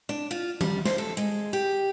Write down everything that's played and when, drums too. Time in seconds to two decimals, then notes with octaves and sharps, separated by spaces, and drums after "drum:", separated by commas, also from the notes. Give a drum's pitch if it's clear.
0.09 D4
0.31 F4
0.61 G3, drum: tom D#3
0.85 C5, drum: snare
0.98 A4
1.17 G#3
1.53 G4